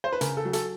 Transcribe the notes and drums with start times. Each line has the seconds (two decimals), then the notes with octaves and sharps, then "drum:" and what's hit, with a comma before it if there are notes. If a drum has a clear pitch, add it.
0.04 C5
0.13 B4
0.21 C#3 A#4, drum: hi-hat
0.37 A4
0.45 F#3
0.53 A4, drum: hi-hat